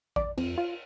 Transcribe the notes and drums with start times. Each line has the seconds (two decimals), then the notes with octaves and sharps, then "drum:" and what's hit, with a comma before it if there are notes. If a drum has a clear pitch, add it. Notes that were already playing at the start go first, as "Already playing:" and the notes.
0.16 D5, drum: kick A1
0.37 F2, drum: cymbal
0.58 F4